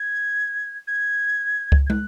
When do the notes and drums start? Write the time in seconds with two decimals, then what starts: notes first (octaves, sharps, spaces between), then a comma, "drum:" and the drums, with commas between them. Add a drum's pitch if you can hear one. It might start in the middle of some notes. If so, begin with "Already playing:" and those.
Already playing: G#6
0.87 G#6
1.72 drum: kick C#2
1.87 G#6
1.90 F#6, drum: tom